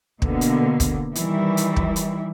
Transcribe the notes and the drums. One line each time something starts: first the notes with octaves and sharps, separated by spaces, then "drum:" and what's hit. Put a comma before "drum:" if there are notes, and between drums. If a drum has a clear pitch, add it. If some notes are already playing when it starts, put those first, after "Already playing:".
B2 D3 A#3 B3, drum: kick
drum: hi-hat
drum: kick, hi-hat
D#3 E3 G3 E4, drum: hi-hat
drum: hi-hat
drum: kick
drum: hi-hat